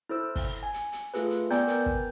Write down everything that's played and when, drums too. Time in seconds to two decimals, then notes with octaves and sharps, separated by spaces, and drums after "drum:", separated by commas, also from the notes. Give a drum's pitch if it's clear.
0.09 E4 A4 C5 E6
0.35 drum: kick, open hi-hat
0.63 G#5
0.73 drum: hi-hat
0.92 drum: hi-hat
1.14 A3 F4 G#4 A4 B4, drum: hi-hat
1.30 drum: hi-hat
1.51 B3 D5 G5 G#5 A#5 G6, drum: hi-hat
1.67 A#4 B4 G5 G6, drum: hi-hat
1.86 drum: kick